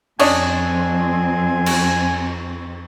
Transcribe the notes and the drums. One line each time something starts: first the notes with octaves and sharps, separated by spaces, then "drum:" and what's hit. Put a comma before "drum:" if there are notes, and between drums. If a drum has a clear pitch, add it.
F2 C4 D4 C#5 D#5 G#5, drum: cymbal
drum: cymbal